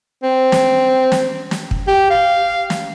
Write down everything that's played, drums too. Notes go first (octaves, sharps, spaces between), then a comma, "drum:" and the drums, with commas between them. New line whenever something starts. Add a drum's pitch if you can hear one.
C4
drum: snare
drum: snare
drum: snare
drum: kick
G4
F5
drum: snare